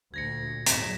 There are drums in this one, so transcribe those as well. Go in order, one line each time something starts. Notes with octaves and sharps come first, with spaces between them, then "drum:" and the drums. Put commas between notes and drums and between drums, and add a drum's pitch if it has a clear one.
D2 A#2 G#6 A#6 C#7
E2 G#2 F#3 A6 B6 E7, drum: hi-hat